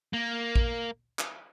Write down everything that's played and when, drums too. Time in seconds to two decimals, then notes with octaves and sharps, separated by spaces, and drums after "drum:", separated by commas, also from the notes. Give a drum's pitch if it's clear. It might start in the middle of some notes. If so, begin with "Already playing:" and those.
0.13 A#3
0.56 drum: kick A1
1.19 drum: clap